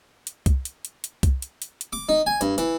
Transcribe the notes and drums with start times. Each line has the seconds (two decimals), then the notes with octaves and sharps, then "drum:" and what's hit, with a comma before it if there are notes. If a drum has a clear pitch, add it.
0.27 drum: hi-hat
0.46 drum: kick C2, hi-hat
0.65 drum: hi-hat
0.85 drum: hi-hat
1.04 drum: hi-hat
1.23 drum: kick C2, hi-hat
1.42 drum: hi-hat
1.62 drum: hi-hat
1.81 drum: hi-hat
1.93 D6
2.09 D#4
2.26 G#5
2.41 G2, drum: hi-hat
2.58 E3, drum: hi-hat